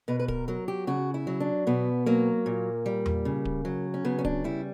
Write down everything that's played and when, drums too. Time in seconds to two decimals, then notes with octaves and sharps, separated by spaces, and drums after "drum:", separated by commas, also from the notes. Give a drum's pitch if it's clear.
0.08 B2 B4
0.20 B4
0.28 A#4, drum: kick D1
0.48 F#3 A#4
0.68 G4
0.87 C#3 F#4
1.14 E4
1.27 F#3
1.40 D4
1.67 B2 B3
2.06 F#3 A#3
2.46 A#2
2.86 G3
3.06 drum: tom E2
3.25 C#3
3.45 drum: kick D1
3.65 F#3
3.94 C#4
4.05 C#3 B3
4.19 C#4
4.25 D4, drum: kick D1
4.44 G3 E4